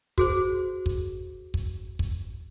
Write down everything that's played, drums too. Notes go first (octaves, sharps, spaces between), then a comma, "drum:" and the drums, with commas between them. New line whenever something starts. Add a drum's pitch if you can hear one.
F#4 G#4 C5, drum: kick
drum: kick
drum: kick
drum: kick